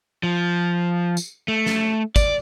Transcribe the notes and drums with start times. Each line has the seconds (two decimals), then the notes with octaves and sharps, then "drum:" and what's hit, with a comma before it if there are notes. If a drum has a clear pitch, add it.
0.23 F3
1.17 drum: tambourine
1.48 A3
1.66 drum: snare
2.16 D5, drum: kick, tambourine